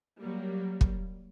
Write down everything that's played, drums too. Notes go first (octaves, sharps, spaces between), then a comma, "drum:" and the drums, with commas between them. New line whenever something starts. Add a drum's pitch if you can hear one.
F#3 G3 A#3
drum: kick